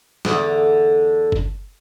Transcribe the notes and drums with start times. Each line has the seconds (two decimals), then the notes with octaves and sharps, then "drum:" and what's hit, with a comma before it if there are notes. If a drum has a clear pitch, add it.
0.25 E2 D3, drum: snare
1.32 drum: kick